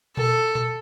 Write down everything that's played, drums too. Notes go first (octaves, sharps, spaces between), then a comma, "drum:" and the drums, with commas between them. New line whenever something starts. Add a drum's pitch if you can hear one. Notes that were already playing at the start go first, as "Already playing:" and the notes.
A4, drum: tom A#2
drum: tom A#2